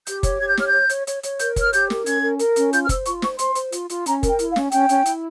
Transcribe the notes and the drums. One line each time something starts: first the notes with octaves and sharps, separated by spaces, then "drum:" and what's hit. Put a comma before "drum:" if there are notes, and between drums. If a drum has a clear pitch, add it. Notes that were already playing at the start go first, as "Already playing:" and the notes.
G4 G6, drum: hi-hat
C#5, drum: kick F#1, hi-hat
G4 G#6
G6
C#5 F6, drum: snare
C#5 G6
C#5, drum: hi-hat
C#5, drum: hi-hat
C#5, drum: hi-hat
A#4 G6, drum: hi-hat
C#5, drum: kick F#1, hi-hat
F6
G4 G6, drum: hi-hat
A#4, drum: snare
C#4 G#6, drum: hi-hat
A#4
A#4, drum: hi-hat
C#4, drum: hi-hat
F4 G6, drum: hi-hat
F6
C5 E6, drum: kick F#1, hi-hat
F4 C#6, drum: hi-hat
C5 C#6, drum: snare
C5 C6, drum: hi-hat
C5, drum: hi-hat
F4, drum: hi-hat
F4, drum: hi-hat
C#4 A#5, drum: hi-hat
A#4, drum: kick F#1, hi-hat
G5
E4, drum: hi-hat
F5
C#4, drum: snare
C#4 G5, drum: hi-hat
C#4, drum: hi-hat
E4, drum: hi-hat